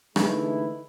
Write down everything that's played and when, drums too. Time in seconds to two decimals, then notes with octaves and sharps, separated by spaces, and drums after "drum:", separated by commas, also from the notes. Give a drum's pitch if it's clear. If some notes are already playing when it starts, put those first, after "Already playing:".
0.16 D3 E3 G#3 A3 D#4 E4, drum: rim click